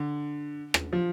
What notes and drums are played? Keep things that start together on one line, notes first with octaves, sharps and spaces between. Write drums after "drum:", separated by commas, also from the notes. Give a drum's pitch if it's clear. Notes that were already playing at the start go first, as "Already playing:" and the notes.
Already playing: D3
drum: rim click
F3